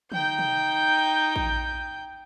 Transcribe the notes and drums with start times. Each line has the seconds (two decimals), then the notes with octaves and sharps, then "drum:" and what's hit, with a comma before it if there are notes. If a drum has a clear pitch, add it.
0.12 D#4 G5 G6, drum: tom
0.39 drum: tom
1.36 drum: kick